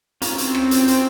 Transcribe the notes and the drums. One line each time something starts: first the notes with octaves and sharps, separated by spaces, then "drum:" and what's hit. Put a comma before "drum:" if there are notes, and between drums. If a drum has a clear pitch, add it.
C4 C#4 F4 A#5, drum: hi-hat
drum: hi-hat
drum: rim click
drum: hi-hat
drum: hi-hat